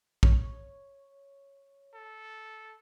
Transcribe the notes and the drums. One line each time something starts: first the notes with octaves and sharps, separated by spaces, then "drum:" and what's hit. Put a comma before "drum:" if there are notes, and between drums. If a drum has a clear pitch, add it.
C#5, drum: kick
A4